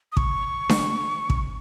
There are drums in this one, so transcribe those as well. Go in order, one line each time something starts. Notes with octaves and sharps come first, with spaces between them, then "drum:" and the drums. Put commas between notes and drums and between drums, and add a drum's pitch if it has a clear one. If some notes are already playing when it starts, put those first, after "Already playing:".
D#6
C#6, drum: kick
drum: snare D4
drum: kick